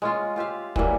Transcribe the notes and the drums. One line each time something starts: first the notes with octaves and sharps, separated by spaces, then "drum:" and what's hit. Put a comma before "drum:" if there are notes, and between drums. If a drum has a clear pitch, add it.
G#3 C#4 F4
F4 G4 E5 F5
E3 F#3 G3 A#3, drum: kick